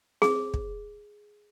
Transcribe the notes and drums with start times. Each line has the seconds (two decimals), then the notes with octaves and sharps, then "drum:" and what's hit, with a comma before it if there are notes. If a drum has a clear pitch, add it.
0.22 G#4, drum: snare C4
0.54 drum: kick